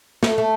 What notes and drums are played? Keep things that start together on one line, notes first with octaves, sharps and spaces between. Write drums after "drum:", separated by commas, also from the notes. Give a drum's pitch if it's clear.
A3, drum: snare
A3